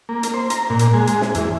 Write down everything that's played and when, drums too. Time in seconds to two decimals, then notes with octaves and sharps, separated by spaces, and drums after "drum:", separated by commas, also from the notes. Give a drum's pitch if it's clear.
0.09 A#3
0.23 drum: hi-hat
0.34 C5
0.50 A#5, drum: hi-hat
0.70 A#2
0.79 drum: hi-hat
0.93 G#3
1.07 drum: hi-hat
1.21 drum: snare
1.35 E2, drum: hi-hat